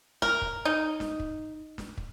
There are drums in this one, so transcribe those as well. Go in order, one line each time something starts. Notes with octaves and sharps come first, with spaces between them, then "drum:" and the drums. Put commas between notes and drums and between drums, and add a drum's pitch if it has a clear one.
A#4, drum: snare
drum: kick
D#4
drum: snare
drum: kick
drum: snare
drum: kick